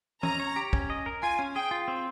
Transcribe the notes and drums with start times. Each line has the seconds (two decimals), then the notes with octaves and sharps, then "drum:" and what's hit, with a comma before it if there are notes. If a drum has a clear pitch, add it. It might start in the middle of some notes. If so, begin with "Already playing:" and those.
0.23 C#4 A#5, drum: tom E3
0.40 C#5
0.56 G4
0.73 C#4, drum: kick
0.90 D#5
1.06 A#4
1.23 F4 G#5
1.39 C#4
1.55 G#4 G5
1.71 F4
1.88 C4